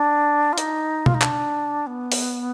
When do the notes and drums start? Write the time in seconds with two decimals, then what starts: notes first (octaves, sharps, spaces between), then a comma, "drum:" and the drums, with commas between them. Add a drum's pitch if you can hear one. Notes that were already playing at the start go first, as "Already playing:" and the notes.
Already playing: D4
0.53 F4
0.58 D#4, drum: hi-hat
1.06 F4, drum: tom B2
1.14 D#4
1.22 D4, drum: clap
1.87 B3
2.12 drum: open hi-hat